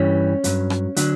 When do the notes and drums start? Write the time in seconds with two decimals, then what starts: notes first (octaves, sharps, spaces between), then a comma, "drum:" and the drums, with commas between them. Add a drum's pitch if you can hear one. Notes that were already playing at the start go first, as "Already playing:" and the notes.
Already playing: G2 E3 G3 C#4
0.44 G2 F#3, drum: hi-hat
0.70 drum: rim click
0.96 D3 F#3 D4, drum: hi-hat